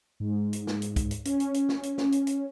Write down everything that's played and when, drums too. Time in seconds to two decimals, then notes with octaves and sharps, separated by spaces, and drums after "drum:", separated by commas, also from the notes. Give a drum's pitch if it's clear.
0.20 G#2
0.53 drum: hi-hat
0.67 drum: snare
0.82 drum: hi-hat
0.96 drum: kick, hi-hat
1.11 drum: hi-hat
1.25 C#4, drum: hi-hat
1.40 drum: hi-hat
1.54 drum: hi-hat
1.69 drum: snare
1.83 drum: hi-hat
1.98 drum: snare
2.12 drum: hi-hat
2.27 drum: hi-hat